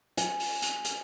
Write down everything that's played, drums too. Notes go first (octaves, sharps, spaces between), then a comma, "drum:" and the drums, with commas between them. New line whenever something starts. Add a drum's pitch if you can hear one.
G#5, drum: hi-hat
drum: open hi-hat
drum: hi-hat
drum: hi-hat